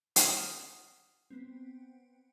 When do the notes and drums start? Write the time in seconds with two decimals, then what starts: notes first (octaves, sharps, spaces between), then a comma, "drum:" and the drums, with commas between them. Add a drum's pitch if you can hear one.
0.16 F#5 D#6 F6, drum: hi-hat
1.30 B3 C4